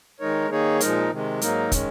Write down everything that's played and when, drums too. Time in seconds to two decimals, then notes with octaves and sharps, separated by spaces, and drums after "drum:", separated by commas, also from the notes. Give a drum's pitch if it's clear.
0.20 D#3 G#3 D#4 A#4 C#5
0.50 D#3 A#3 D#4 G#4 C#5
0.81 A#2 F3 G#3 D#4 A#4, drum: hi-hat
1.11 C3 D#3 G#3
1.42 G#2 F#3 A#3 D#4 A#4, drum: hi-hat
1.72 D#3 G#3 C#4, drum: kick, hi-hat